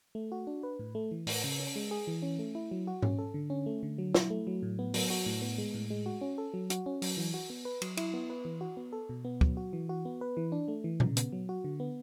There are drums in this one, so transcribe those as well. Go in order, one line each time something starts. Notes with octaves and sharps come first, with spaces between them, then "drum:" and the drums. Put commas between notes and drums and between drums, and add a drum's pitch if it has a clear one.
A3
F#4
D4
B4
A2
A3
E3
A2, drum: open hi-hat
C#3
C#4
G#3
G#4
E3
C#4
A3
E4
F#3
F#4
C#4, drum: tom G#2
A4
D3
C#4
A3
D3
F#3
E4, drum: snare
A3
F#3
A2
B3
F#3, drum: open hi-hat
F#4
A2
B3
G#3
A2
G#3
F#4
C#4
A4
F#3
F#4, drum: hi-hat
C#4
F#3, drum: open hi-hat
E3
F#4
B3
B4
F#3, drum: cymbal
E4, drum: cymbal
B3
B4
E3
F#4
B3
A4
B2
B3
F#3, drum: kick
F#4
E3
F#4
B3
B4
E3
D4
A3
E3
C#3, drum: tom A#2
B3, drum: hi-hat
F#3
F#4
D3
B3